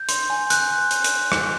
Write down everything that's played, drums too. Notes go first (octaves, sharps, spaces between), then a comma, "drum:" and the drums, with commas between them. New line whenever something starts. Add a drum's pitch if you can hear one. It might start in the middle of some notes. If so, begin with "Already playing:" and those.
Already playing: G6
C6, drum: hi-hat
G#5
F#6, drum: hi-hat
F#6
drum: hi-hat
drum: hi-hat
drum: rim click